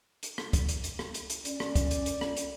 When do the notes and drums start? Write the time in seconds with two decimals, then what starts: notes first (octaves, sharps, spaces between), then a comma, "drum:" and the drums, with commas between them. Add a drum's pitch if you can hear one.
0.23 drum: hi-hat
0.38 drum: rim click
0.53 drum: kick, hi-hat
0.69 drum: hi-hat
0.84 drum: hi-hat
0.99 drum: rim click
1.14 drum: hi-hat
1.30 drum: hi-hat
1.45 C#4 D5, drum: hi-hat
1.60 drum: rim click
1.75 drum: kick, hi-hat
1.91 drum: hi-hat
2.06 drum: hi-hat
2.21 drum: rim click
2.37 drum: hi-hat